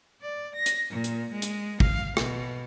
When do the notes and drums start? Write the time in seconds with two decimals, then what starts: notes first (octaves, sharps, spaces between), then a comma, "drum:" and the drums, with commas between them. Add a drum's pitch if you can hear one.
0.21 D5
0.54 A#6
0.66 drum: hi-hat
0.89 A#2
1.04 drum: hi-hat
1.31 G#3
1.42 drum: hi-hat
1.80 F5, drum: kick
2.17 B2, drum: rim click